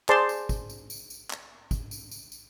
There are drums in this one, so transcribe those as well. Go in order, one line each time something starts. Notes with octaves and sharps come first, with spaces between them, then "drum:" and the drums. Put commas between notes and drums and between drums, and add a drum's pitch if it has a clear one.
G#4 C5 D5 A5 C6, drum: clap
drum: tambourine
drum: kick, tambourine
drum: tambourine
drum: tambourine
drum: tambourine
drum: clap
drum: kick, tambourine
drum: tambourine
drum: tambourine
drum: tambourine